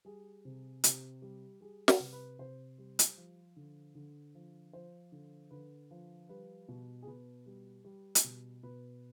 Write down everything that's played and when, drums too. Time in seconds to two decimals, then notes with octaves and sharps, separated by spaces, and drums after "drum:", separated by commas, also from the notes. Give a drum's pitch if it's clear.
0.05 G3 G#4
0.45 C3
0.84 C3 G4, drum: hi-hat
1.22 G3
1.61 G3 G#4
1.88 B4, drum: snare
2.00 C3
2.13 B4
2.39 C3 C5
2.78 G3
2.99 drum: hi-hat
3.17 F3
3.56 D3
3.95 D3
4.35 F3
4.73 F3 C5
5.12 D3
5.51 D3 B4
5.91 F3
6.29 G3 B4
6.68 B2
7.02 G#4
7.07 B2 B4
7.46 G3
7.85 G3
8.15 drum: hi-hat
8.24 B2
8.63 B2 B4